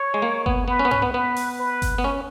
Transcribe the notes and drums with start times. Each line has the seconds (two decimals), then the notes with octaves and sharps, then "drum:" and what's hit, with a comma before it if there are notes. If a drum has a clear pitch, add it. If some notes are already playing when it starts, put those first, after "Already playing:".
Already playing: C#5
0.14 G#3
0.22 A#3
0.46 B3, drum: kick G1
0.68 B3 B4
0.79 C#4
0.85 B3
0.91 C#4, drum: tom G2
1.02 B3
1.13 B3 B4
1.36 drum: open hi-hat
1.60 B4
1.82 drum: kick G1, hi-hat
1.98 B3
2.04 C#4